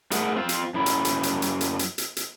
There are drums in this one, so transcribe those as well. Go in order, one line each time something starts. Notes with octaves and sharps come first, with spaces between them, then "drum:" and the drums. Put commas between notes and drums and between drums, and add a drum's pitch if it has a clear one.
G#2 A3 G#4 A#4 E5 F#5, drum: hi-hat
C4 F4 C5
drum: hi-hat
F#2 E4
drum: hi-hat
drum: hi-hat
drum: hi-hat
drum: hi-hat
drum: hi-hat
drum: hi-hat
drum: hi-hat
drum: hi-hat